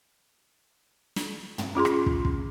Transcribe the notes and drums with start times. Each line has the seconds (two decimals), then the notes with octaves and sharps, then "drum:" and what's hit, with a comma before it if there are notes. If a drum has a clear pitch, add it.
1.16 drum: snare
1.58 drum: tom
1.75 C#4 F4 G#4 C6
1.85 drum: rim click
2.06 drum: kick
2.25 drum: kick